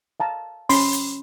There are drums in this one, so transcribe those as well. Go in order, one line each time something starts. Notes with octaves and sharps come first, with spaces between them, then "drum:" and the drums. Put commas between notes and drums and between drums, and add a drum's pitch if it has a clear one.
F5 A5 A#5
C#4 B5 C6, drum: open hi-hat
drum: hi-hat